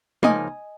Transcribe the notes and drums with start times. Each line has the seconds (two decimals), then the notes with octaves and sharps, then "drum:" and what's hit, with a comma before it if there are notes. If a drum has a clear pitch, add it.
0.23 C#2 C#3 F3 A#3 D#4 D#5 G#5, drum: tom G#3